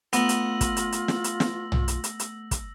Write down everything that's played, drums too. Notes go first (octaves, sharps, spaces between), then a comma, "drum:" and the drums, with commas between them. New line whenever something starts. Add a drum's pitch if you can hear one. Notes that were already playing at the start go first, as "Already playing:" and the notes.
A3 B3 F4 E6 A#6 F#7, drum: hi-hat
drum: hi-hat
drum: kick, hi-hat
drum: hi-hat
drum: hi-hat
drum: snare
drum: hi-hat
drum: snare
drum: tom
drum: hi-hat
drum: hi-hat
drum: hi-hat
drum: kick, hi-hat